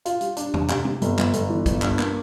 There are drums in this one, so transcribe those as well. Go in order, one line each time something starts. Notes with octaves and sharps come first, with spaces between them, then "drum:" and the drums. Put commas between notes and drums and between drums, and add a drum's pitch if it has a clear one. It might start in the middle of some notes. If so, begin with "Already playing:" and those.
F4, drum: hi-hat
G3, drum: hi-hat
D4, drum: hi-hat
C3, drum: tom
C3, drum: clap
C3, drum: tom
G1, drum: hi-hat
G1, drum: clap
G1, drum: hi-hat
E3
G1, drum: kick, hi-hat
G2, drum: clap
A#3, drum: clap